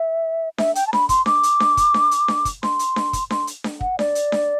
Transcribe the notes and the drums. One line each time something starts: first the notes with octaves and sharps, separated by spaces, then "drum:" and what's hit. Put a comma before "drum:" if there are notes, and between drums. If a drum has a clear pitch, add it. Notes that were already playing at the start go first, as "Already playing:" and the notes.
Already playing: E5
E5, drum: snare D4
G5, drum: hi-hat
A5
B5, drum: snare D4
C6, drum: kick, hi-hat
D6, drum: snare D4
drum: hi-hat
drum: snare D4
drum: kick, hi-hat
drum: snare D4
drum: hi-hat
drum: snare D4
drum: kick, hi-hat
C6, drum: snare D4
drum: hi-hat
drum: snare D4
drum: kick, hi-hat
C6, drum: snare D4
drum: hi-hat
drum: snare D4
F#5, drum: kick
D5, drum: snare D4
drum: hi-hat
drum: snare D4